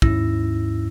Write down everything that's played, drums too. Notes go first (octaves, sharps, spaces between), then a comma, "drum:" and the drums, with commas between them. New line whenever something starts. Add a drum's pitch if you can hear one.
D#2 G#2 C#4 E4 E6 A#6, drum: kick